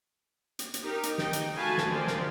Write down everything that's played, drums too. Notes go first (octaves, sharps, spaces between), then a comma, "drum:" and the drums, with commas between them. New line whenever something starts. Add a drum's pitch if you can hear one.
drum: hi-hat
drum: hi-hat
D#4 G4 A#4
drum: hi-hat
D#4 G5, drum: snare
drum: hi-hat
A3 F#4 F5 G#5 A5 B5
drum: snare
D#4 F4 G4 A#4 C5 D5
drum: snare